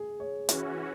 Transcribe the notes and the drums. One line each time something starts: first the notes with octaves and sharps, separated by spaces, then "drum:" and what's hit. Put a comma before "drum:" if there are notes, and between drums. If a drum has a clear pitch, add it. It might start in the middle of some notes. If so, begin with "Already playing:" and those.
Already playing: G#4
C#5
E3 C#4 F#4, drum: hi-hat